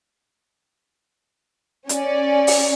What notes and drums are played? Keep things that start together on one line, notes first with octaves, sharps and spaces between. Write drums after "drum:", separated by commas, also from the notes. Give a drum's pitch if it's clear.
C#4 D5, drum: hi-hat
drum: open hi-hat